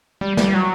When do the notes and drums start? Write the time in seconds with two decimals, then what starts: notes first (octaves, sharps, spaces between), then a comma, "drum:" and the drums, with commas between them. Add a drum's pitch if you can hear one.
0.21 G3
0.37 G3, drum: snare
0.54 F#3